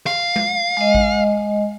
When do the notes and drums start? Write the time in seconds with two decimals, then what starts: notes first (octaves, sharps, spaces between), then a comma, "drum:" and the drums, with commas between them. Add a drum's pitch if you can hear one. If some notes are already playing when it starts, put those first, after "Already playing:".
0.06 F5, drum: rim click
0.36 drum: tom G#3
0.77 G#3 D#5
0.95 drum: kick A1